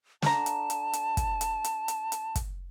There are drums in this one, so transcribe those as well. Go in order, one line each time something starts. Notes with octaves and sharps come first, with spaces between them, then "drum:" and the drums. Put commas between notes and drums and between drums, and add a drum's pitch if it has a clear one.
D3 A5 A#5, drum: snare
drum: hi-hat
drum: hi-hat
drum: hi-hat
drum: kick, hi-hat
drum: hi-hat
drum: hi-hat
drum: hi-hat
drum: hi-hat
drum: kick, hi-hat